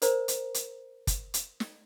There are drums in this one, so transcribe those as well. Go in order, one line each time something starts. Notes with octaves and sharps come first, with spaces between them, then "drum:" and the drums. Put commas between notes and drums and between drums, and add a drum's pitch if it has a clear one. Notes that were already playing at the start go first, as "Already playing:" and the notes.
A#4 C5 D5 A#5, drum: hi-hat
drum: hi-hat
drum: hi-hat
drum: kick, hi-hat
drum: hi-hat
drum: snare